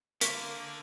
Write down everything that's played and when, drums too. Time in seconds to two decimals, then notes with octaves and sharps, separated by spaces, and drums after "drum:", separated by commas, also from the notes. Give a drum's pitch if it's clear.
0.21 D3 A#3 A#4 C#6 B6, drum: hi-hat